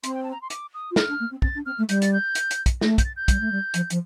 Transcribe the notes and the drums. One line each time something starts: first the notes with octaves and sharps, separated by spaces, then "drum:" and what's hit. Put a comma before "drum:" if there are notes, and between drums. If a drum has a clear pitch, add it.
C4 C6, drum: hi-hat
G5
A5
A#5
C6
D6, drum: hi-hat
D#6
F4
D#4 F6, drum: snare
D4
A#3
C4
C4 A6, drum: kick
D4
C4 F6
A3
G3 G6, drum: hi-hat
A6, drum: hi-hat
G6
drum: hi-hat
drum: hi-hat
drum: kick, hi-hat
A3 A#6, drum: snare
G6, drum: kick, hi-hat
A6
G6
G3, drum: kick, hi-hat
A3
G3
F3, drum: hi-hat
F3, drum: hi-hat